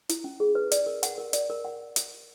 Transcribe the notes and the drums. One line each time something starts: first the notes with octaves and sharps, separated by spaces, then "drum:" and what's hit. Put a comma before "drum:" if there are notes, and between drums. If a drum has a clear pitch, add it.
E4, drum: hi-hat
C#4
G#4
B4
D5, drum: hi-hat
A#4
F#5, drum: hi-hat
A#4
D5, drum: hi-hat
A#4
F#5
drum: hi-hat